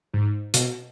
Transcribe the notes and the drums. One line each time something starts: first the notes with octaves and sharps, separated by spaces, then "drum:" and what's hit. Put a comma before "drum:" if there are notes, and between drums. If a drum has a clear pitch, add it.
G#2
B2, drum: hi-hat